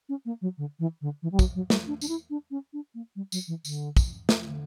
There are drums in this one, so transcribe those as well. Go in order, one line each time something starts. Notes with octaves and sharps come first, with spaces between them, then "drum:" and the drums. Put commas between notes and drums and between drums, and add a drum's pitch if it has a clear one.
C#4
A#3
F#3
D3
E3
D3
E3
G3
F#3, drum: kick, tambourine
F#3
G3, drum: snare
D4
D4, drum: tambourine
E4
D4
C#4
D4
A#3
G3
F#3, drum: tambourine
E3
D3, drum: tambourine
drum: kick, tambourine
drum: snare
D3